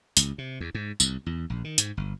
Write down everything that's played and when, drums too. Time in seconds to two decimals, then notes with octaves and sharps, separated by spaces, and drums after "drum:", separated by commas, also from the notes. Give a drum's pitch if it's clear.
0.17 C#2, drum: hi-hat
0.38 C3
0.60 E2
0.75 G#2
1.00 C2, drum: tambourine
1.26 E2
1.50 A#1
1.64 D#3
1.78 G#2, drum: hi-hat
1.97 G1